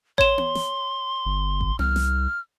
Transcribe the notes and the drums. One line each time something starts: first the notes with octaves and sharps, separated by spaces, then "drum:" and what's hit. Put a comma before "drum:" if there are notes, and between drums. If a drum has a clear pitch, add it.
C#5 C6 E7, drum: kick A1
drum: tom B3
drum: snare
G1
drum: kick A1
C2 F6, drum: tom B3
drum: snare